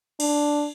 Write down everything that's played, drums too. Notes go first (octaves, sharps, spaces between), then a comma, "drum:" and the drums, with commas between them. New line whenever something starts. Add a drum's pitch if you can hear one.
D4, drum: cymbal